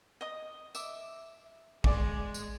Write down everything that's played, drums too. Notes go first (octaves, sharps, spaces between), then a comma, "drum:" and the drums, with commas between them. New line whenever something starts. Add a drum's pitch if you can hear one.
D#5 D#6
E5 D6, drum: tambourine
G#3 D5 G#5 D6, drum: kick A1
drum: tambourine